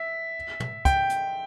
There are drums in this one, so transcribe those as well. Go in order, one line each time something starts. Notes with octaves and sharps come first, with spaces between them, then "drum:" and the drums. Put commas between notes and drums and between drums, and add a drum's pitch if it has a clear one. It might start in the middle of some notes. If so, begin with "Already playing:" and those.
Already playing: E5
drum: tom
G5, drum: kick, hi-hat
drum: hi-hat